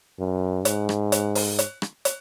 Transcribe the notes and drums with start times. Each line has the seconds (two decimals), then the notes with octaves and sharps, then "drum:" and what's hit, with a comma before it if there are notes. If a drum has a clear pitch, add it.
0.19 F#2
0.65 G#2, drum: hi-hat
0.89 drum: rim click
1.12 drum: hi-hat
1.35 drum: open hi-hat
1.59 drum: hi-hat
1.82 drum: rim click
2.05 drum: hi-hat